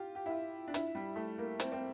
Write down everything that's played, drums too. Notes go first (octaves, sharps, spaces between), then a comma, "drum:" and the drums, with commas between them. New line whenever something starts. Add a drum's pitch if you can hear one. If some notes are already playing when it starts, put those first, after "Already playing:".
Already playing: F4 G4
G4
E4
F4
D4
E4, drum: hi-hat
G3
A3
A#3
C4, drum: hi-hat
C4